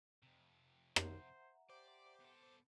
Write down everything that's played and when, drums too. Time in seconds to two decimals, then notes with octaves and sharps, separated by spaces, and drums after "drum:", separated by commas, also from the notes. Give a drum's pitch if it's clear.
0.23 F2 C3
0.96 C5 E5 F#5 A#5, drum: rim click
1.69 G4 C5 D5 D6
2.20 B2 A4